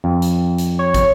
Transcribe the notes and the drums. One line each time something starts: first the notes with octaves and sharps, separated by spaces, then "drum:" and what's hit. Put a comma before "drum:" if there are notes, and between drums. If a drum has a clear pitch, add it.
F2
drum: hi-hat
drum: hi-hat
C#5
drum: kick, hi-hat